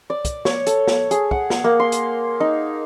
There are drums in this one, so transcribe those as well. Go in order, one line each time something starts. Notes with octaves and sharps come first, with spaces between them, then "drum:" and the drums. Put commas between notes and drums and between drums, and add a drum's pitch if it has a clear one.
D5
drum: kick, hi-hat
C#5, drum: snare
A4, drum: hi-hat
drum: snare
G#4, drum: hi-hat
F#5, drum: kick
drum: snare
A#3
C6
drum: hi-hat
D#4